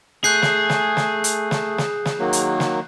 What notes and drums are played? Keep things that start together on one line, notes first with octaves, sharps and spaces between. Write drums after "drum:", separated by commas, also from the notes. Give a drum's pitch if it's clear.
A3 G#4 F#6 G6 C7
drum: snare
drum: snare
drum: snare
drum: hi-hat
drum: snare
drum: snare
drum: snare
D#3 F#3 A#3
drum: hi-hat
drum: snare